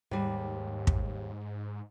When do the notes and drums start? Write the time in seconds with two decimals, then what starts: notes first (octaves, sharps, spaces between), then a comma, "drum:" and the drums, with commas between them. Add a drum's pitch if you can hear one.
0.11 D#2 G#2 G3
0.87 drum: kick